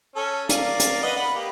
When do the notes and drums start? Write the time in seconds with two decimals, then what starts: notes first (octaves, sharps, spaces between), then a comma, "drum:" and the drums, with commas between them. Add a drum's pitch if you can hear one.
0.16 C#4 A4
0.49 A#4 D5 F5, drum: hi-hat
0.80 drum: hi-hat
1.03 B4 D#5 F#5
1.17 F#5 B5
1.34 A#3 G4